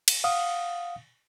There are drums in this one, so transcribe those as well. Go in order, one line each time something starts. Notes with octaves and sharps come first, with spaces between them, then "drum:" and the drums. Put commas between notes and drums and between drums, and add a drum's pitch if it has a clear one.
drum: cymbal
F5 F#5 D#6